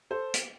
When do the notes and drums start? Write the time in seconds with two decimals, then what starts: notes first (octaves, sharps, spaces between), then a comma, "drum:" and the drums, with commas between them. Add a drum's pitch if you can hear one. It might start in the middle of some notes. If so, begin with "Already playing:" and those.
0.11 A4 C5
0.34 drum: hi-hat